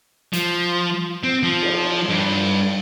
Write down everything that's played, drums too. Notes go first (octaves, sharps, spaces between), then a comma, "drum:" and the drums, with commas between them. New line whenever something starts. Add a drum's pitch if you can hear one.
F3, drum: hi-hat
C4
F3
drum: cymbal
G2